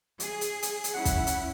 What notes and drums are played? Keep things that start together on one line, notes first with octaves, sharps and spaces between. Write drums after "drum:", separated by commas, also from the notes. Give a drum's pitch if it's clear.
G#4, drum: hi-hat
drum: hi-hat
drum: hi-hat
drum: hi-hat
C#4 E4 F#5
drum: kick, hi-hat
drum: hi-hat